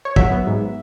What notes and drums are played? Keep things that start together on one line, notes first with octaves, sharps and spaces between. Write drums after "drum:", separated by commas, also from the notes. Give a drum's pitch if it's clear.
C#5
F#3 E5, drum: kick
B3
G#2